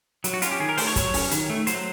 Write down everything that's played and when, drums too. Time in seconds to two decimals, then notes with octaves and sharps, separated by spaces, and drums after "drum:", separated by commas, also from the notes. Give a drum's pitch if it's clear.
0.24 F#3, drum: hi-hat
0.34 F#4
0.42 C#4 F4, drum: hi-hat
0.51 G4
0.60 D#3 G#4
0.69 A#4
0.78 A3 C5, drum: open hi-hat
0.87 C#5
0.96 F#3, drum: kick, hi-hat
1.14 C#4, drum: open hi-hat
1.31 D#3, drum: hi-hat
1.50 A3
1.67 F#3 C5, drum: hi-hat